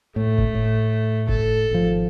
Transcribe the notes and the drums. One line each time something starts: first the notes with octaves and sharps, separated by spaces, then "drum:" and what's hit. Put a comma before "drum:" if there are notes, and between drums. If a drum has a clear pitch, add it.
A2 A3
drum: kick F#1
A2
A4, drum: kick F#1
G#1 F3